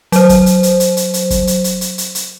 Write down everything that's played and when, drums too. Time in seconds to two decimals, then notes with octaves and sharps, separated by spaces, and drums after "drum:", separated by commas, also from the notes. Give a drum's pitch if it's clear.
0.12 F#3 C5, drum: hi-hat
0.29 drum: kick, hi-hat
0.46 drum: hi-hat
0.63 drum: hi-hat
0.80 drum: hi-hat
0.97 drum: hi-hat
1.14 drum: hi-hat
1.30 drum: kick, hi-hat
1.47 drum: hi-hat
1.64 drum: hi-hat
1.81 drum: hi-hat
1.98 drum: hi-hat
2.15 drum: hi-hat